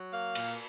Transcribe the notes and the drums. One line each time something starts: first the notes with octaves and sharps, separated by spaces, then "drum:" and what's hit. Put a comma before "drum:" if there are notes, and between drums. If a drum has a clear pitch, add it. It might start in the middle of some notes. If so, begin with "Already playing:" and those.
Already playing: F#3
A#3 F5
A#2, drum: cymbal